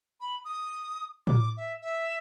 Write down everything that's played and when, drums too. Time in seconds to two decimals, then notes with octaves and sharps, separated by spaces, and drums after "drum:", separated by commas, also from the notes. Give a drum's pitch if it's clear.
0.21 B5
0.45 D#6
1.27 D6, drum: tom A2
1.57 E5
1.82 E5